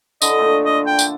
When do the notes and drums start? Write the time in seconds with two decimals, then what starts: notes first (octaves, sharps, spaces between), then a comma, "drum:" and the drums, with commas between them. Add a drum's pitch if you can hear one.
0.22 D3 E3 D#5, drum: tambourine
0.38 A#2 A3 D4
0.66 D#5
0.87 G5
0.99 drum: tambourine